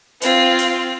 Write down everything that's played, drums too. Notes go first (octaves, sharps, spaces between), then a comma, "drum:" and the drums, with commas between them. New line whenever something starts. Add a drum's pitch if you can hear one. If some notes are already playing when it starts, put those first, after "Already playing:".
C4 F4, drum: hi-hat
drum: hi-hat